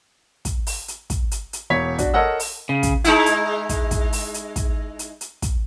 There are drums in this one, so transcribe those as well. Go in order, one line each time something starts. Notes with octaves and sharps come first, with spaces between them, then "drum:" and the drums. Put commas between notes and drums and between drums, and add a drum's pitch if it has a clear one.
drum: kick, hi-hat
drum: open hi-hat
drum: hi-hat
drum: kick, hi-hat
drum: hi-hat
drum: hi-hat
E1 C#5 B6
D4 F#4, drum: kick, hi-hat
A4 A#4 C#5 D#5 F#5 E6
drum: open hi-hat
C#3
drum: kick, hi-hat
G#3 D#4 E4, drum: hi-hat
drum: hi-hat
drum: kick, hi-hat
drum: kick, hi-hat
drum: open hi-hat
drum: hi-hat
drum: kick, hi-hat
drum: hi-hat
drum: hi-hat
drum: kick, hi-hat